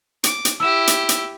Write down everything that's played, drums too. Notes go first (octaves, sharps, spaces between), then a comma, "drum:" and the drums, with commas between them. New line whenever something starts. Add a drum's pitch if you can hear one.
D6, drum: hi-hat
drum: hi-hat
E4 G4 E6 E7
drum: hi-hat
drum: hi-hat